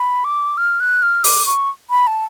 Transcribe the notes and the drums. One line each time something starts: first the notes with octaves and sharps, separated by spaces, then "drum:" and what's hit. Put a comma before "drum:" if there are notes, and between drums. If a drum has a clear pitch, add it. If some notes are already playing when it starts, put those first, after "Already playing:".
Already playing: B5
D6
F6
F#6
F6
D6, drum: open hi-hat
C#6
B5
A5